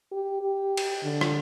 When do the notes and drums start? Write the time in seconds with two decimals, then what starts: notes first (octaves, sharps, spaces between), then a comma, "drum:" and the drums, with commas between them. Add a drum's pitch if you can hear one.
0.12 G4
0.42 G4
0.77 drum: cymbal
1.03 D3
1.21 drum: rim click